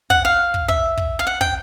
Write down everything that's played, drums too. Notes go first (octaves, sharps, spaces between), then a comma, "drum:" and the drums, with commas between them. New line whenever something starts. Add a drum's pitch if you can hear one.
F#5, drum: kick
F5
drum: kick
E5, drum: kick
drum: kick
F5
F#5
G5, drum: kick